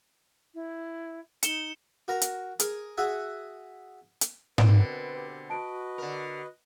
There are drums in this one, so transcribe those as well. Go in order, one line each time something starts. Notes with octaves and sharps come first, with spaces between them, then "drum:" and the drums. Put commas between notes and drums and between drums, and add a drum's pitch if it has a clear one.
E4
D#4 C#7 E7 G7, drum: hi-hat
F#4 A#4 A#5
drum: hi-hat
G#4 A#4 D#6, drum: hi-hat
F#4 G#4 E5 F#5
drum: hi-hat
B2 D3 C4 A#4 B4 D7, drum: tom G#2
G4
F#4 B4 D#5 A5 D7
D3 A#4